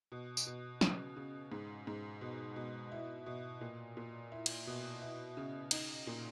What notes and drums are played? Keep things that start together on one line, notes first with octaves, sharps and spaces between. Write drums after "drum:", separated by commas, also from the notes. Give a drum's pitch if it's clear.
B2
drum: tambourine
B2
C#3, drum: snare
C#3
G#2
G#2
B2
B2
E4
B2
A#2
A#2
E4
drum: cymbal
B2
E4
C#3
D#4, drum: cymbal
A#2